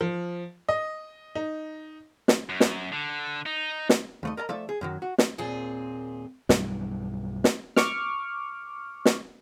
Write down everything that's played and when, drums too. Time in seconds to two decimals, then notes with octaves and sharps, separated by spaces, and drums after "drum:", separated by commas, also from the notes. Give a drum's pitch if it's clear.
0.01 F3
0.69 D#5
1.35 D#4
2.28 drum: snare
2.49 F#2
2.60 drum: snare
2.93 D3
3.46 D#4
3.89 drum: snare
4.23 D#2 A3 D#5
4.37 A#4 D#5 A5 A#5
4.49 F3 A3 A4 D5 E5
4.69 G#4
4.81 F#2 D#3 F#3
5.02 F#4
5.18 drum: snare
5.38 D#2 A#2 C4 G#4
6.49 B1 G2 E3 G3, drum: snare
7.44 drum: snare
7.76 C#6 D6 F6, drum: snare
9.05 drum: snare